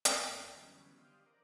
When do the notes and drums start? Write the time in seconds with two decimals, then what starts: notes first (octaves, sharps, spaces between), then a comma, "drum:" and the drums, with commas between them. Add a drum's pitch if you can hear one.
0.05 drum: hi-hat
0.25 F2 E4 F#4 A4
0.56 D3 E3 F#3 G3 B3 C#4
0.98 D4 G4 C5 D#5 F5
1.26 A#4 D5